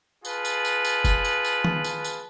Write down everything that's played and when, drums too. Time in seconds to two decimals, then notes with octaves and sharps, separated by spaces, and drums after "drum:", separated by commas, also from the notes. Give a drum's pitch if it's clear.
0.25 F4 G#4 B4 A5, drum: tambourine
0.45 drum: tambourine
0.65 drum: tambourine
0.85 drum: tambourine
1.05 drum: kick F1, tambourine
1.25 drum: tambourine
1.44 drum: tambourine
1.64 drum: tom D#3
1.84 drum: tambourine
2.04 drum: tambourine